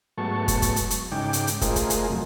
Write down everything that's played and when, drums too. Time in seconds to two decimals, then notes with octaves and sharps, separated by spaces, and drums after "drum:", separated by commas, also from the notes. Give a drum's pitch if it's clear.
0.18 G#2 F#3 A3 B3 A5 C#6
0.48 drum: kick, hi-hat
0.62 drum: kick, hi-hat
0.76 drum: hi-hat
0.90 drum: hi-hat
1.12 G#2 C#3 D#4 G5 D6
1.33 drum: hi-hat
1.47 drum: hi-hat
1.61 A3 F4 G#4 A#4 C5 D#5, drum: kick, hi-hat
1.76 drum: kick, hi-hat
1.90 drum: hi-hat
2.10 F2 C3 F#3 A3